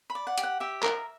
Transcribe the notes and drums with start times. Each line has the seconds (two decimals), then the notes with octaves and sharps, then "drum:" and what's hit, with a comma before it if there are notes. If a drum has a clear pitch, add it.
0.10 B5
0.15 D5
0.27 F#5
0.38 G4, drum: hi-hat
0.43 F#5
0.60 G4 E5
0.83 A#4, drum: clap